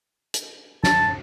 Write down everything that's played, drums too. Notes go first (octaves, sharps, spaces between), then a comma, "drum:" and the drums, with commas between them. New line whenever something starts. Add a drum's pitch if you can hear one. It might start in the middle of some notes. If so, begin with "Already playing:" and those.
drum: hi-hat
A5, drum: snare